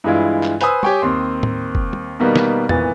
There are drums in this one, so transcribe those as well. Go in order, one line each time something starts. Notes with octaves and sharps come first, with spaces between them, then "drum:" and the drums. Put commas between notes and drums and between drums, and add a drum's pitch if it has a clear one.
G2 E3 G#3 E4 F4
drum: clap
B4 C5 G#5 B5 D#6 E6, drum: hi-hat
G4 C#5 G5 G#5 C#6, drum: tom
D#2 C4 C6
drum: tom A2
drum: kick F1
drum: tom
B2 D#3 G3 A#3 B3
drum: snare
G#1 A#2 E3 B3 A6, drum: tom E2